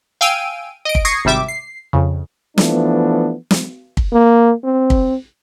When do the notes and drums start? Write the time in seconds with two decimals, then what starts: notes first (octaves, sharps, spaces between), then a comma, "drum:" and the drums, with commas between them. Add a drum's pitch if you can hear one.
0.21 F5 G5 G#5 E6 D7 D#7
0.85 D#5 D7
0.95 drum: kick
1.05 C#6 D#6 G#6 A#6 C7 C#7
1.25 G#1 C3 G3 E5 D6
1.48 C7
1.93 F2 C#3
2.58 E3 F3 A3 B3 D4, drum: snare
3.51 drum: snare
3.97 drum: kick
4.13 A#3
4.64 C4
4.90 drum: kick